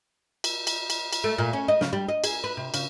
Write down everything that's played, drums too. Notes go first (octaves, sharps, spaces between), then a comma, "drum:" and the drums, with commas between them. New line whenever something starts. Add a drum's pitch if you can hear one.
drum: cymbal
drum: cymbal
drum: cymbal
drum: cymbal
A3
A#2
C#4
D#5
C#3, drum: snare
G3
D#5
G#4, drum: cymbal
B4
C3
C#3, drum: cymbal